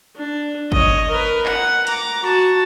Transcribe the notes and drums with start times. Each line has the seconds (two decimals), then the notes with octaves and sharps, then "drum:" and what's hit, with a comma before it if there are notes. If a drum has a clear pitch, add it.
0.16 D4
0.72 C#5 D#5, drum: kick
1.09 A#4 B4
1.46 F#5, drum: clap
1.87 A#5 D6, drum: hi-hat
2.23 F#4 A5